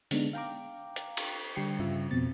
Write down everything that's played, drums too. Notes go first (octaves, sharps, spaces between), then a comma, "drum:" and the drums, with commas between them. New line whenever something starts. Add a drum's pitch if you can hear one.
D3 G#3 B3 D4 D#4, drum: open hi-hat
F5 G5 A#5 D6
drum: hi-hat
drum: cymbal
D3 G3 G5 C7 C#7
G2 C#3 F4 E5
F2 B2 C4 A6